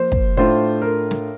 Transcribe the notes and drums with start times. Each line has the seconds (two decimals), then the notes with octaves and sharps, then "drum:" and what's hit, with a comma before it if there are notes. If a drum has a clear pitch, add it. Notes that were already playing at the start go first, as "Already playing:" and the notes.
Already playing: F3 A#3 F4 C5
0.12 drum: kick
0.37 A2 A3 D4 F4 C5
0.82 A#4
1.11 drum: snare